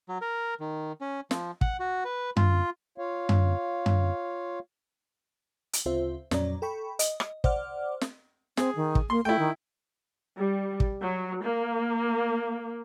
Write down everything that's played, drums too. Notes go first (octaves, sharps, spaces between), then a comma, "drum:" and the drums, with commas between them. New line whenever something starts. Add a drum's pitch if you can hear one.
F#3
A#4
D#3
C#4
F3, drum: snare
F#5, drum: kick
F#4
B4
F4, drum: tom F#2
F4 C#5 F5
drum: tom F#2
drum: tom F#2
drum: hi-hat
D2 C#3 C4 F4 C5 E5
F2 A#2 F#3 C#4 D5 A#5, drum: snare
A4 G5 B5 C#6
D#5, drum: hi-hat
drum: rim click
C5 D5 F#5 D6 F6, drum: kick
drum: snare
C4 G#4, drum: snare
D#3
drum: kick
A#3 C6
A3 E4 G5
D#3
G3
drum: kick
F#3
A#3